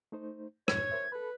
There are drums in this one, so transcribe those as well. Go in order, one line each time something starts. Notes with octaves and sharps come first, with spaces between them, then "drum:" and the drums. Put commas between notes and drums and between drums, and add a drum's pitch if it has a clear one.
A3 D#4 C5
E2 G2 A#2 C#5 G#6, drum: rim click
A#4 C5 E5
A4 B4 B5